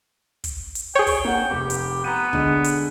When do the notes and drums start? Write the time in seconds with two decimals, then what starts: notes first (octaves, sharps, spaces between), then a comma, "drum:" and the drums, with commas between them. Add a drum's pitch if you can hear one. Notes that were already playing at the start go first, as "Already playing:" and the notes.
0.44 drum: kick, hi-hat
0.75 drum: hi-hat
0.95 G#4 C#5 G5
1.07 drum: kick, open hi-hat
1.25 A#3 F#5
1.51 F1 G4
1.70 drum: hi-hat
2.04 B3 A#5 D#7
2.33 D3 G#3, drum: kick
2.64 drum: hi-hat